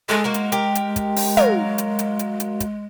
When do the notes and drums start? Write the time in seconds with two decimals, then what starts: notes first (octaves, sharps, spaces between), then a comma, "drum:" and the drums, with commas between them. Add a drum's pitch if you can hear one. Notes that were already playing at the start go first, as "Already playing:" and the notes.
0.09 G#3 A3 G#4 A4
0.24 A#3 F#4 A#4
0.34 drum: hi-hat
0.52 G4 A#4, drum: hi-hat
0.75 drum: hi-hat
0.96 drum: kick, hi-hat
1.16 drum: open hi-hat
1.37 F#3 A#4 F5, drum: tom
1.78 drum: hi-hat
1.99 drum: hi-hat
2.19 drum: hi-hat
2.40 drum: hi-hat
2.60 drum: kick, hi-hat